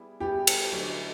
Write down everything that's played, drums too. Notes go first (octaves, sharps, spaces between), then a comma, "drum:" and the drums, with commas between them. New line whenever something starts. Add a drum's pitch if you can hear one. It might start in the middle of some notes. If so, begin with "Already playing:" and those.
Already playing: G3 B3 E4 G#4
G3 B3 E4 G4 G#4
drum: cymbal
D3 F#3 A3 C#4 F#4